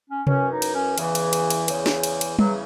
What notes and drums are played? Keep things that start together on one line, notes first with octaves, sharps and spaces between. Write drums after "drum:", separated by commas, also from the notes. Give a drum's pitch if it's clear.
C#4
F#2 E3 C#4, drum: tom C3
D#4
drum: cymbal
C#4
E2 C#3 E3, drum: cymbal
drum: cymbal
drum: cymbal
drum: cymbal
E2 C#3 E3, drum: cymbal
drum: snare
drum: cymbal
drum: cymbal
E2 C#3 E3 F#3, drum: tom G3